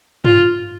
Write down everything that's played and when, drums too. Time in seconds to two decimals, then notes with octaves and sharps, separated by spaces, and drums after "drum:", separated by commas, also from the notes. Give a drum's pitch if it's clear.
0.25 F4, drum: tom G2